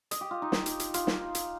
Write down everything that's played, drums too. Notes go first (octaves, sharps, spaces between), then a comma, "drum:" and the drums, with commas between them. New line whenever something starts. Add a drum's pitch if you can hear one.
D#5, drum: hi-hat
G4
F4
D#4
drum: snare
drum: hi-hat
drum: hi-hat
F4, drum: hi-hat
drum: snare
drum: hi-hat